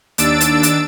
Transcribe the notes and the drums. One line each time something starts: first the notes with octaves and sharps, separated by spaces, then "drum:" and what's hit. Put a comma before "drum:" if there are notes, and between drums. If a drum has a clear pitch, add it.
D#2 D4 E6 A6 D7, drum: hi-hat
drum: hi-hat
drum: hi-hat